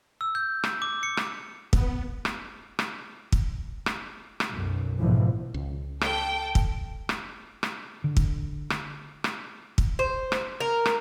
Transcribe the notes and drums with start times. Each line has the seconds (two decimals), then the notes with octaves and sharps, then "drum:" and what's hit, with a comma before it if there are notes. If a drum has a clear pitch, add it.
0.21 E6
0.35 G6
0.64 drum: rim click
0.82 D6
1.03 C#7
1.17 drum: rim click
1.73 B3, drum: kick
2.25 drum: rim click
2.79 drum: rim click
3.32 drum: kick
3.86 drum: rim click
4.40 drum: rim click
4.52 B1 F#2
4.98 A#1 G#2 B2 D3 E3 F3
5.54 C#2
6.01 A4 G5, drum: rim click
6.55 drum: kick
7.09 drum: rim click
7.63 drum: rim click
8.04 D3
8.17 drum: kick
8.70 drum: rim click
9.24 drum: rim click
9.78 drum: kick
9.99 C5
10.32 drum: rim click
10.60 A#4
10.86 drum: rim click